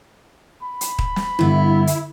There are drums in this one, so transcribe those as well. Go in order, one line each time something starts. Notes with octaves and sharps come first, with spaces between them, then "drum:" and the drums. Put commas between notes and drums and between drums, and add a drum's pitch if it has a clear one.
B5
drum: hi-hat
drum: kick
drum: snare
G2 D3 B3 E4
drum: hi-hat